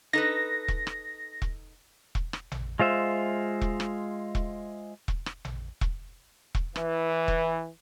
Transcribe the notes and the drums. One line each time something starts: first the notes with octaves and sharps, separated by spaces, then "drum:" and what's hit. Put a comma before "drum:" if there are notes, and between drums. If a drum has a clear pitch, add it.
D#4 A4 B4 A#6
drum: kick E1
drum: rim click
drum: kick E1
drum: kick E1
drum: rim click
drum: tom A1
G#3 F4 C5 E5
drum: kick E1
drum: rim click
drum: kick E1
drum: kick E1
drum: rim click
drum: tom A1
drum: kick E1
drum: kick E1
E3, drum: rim click
drum: kick E1